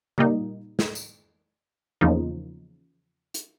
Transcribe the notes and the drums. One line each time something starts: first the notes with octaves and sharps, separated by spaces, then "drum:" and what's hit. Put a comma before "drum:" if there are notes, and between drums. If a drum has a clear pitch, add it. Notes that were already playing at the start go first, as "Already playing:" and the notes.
A#2 G3 A#3 D#4, drum: tom C#3
drum: snare
drum: tambourine
E2 C#3 F3 A#3 D#4
drum: hi-hat